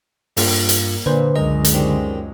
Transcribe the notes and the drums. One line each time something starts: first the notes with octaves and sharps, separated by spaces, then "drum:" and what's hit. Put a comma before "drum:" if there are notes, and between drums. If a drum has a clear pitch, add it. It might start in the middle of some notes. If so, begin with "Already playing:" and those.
G2 A#3 F4 F#5 G5, drum: open hi-hat
drum: hi-hat
A#2 D3 B4 C5
C#2 F#2 G#3 A#4 D#5
drum: hi-hat
D#3 G3 C4